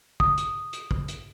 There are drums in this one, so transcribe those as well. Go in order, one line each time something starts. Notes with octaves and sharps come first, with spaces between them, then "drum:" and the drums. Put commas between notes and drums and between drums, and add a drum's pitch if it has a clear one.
D#6, drum: kick
drum: hi-hat
drum: hi-hat
drum: kick
drum: hi-hat